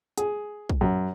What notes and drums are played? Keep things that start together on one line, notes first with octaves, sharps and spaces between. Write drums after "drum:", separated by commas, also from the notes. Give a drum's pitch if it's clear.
G#4, drum: hi-hat
drum: kick
F#2